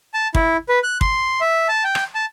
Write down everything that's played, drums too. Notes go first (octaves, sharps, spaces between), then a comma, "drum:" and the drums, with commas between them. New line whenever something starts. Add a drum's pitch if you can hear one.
A5
E4, drum: kick
B4
F#6
C6, drum: kick
E5
A5
G5
drum: rim click
A5